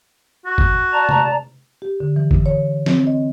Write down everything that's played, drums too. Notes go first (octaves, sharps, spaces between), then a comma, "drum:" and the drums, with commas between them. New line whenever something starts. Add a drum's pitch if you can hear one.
F#4
drum: kick G1
D5 A5 A#5
drum: tom C3
G4
D3
E3
drum: kick G1
C#5
C4, drum: snare
D#5